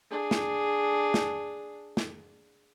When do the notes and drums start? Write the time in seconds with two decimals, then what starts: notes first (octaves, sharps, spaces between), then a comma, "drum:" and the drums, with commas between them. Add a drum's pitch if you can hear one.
0.10 D4 G#4
0.31 drum: snare
1.14 drum: snare
1.97 drum: snare